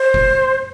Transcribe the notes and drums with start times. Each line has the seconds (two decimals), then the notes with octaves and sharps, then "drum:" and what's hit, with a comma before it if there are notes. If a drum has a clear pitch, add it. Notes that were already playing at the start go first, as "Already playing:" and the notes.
Already playing: C5
0.14 drum: kick F1